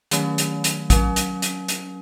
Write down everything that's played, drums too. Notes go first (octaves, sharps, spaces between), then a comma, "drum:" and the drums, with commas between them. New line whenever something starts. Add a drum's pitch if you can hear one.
D#3 F#3 A3 C#4, drum: hi-hat
drum: hi-hat
drum: hi-hat
F#3 C#4, drum: kick A1, hi-hat
drum: hi-hat
drum: hi-hat
drum: hi-hat